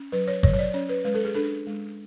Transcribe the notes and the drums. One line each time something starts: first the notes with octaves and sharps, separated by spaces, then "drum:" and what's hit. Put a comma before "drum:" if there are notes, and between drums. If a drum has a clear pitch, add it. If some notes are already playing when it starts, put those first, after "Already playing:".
Already playing: C#4
F#3 B4
C#5
F#3 C#5, drum: kick G#1
C#5
D5
C#4 C#5
B4
G#3 B4
A4
G#4
D4 A4
G#3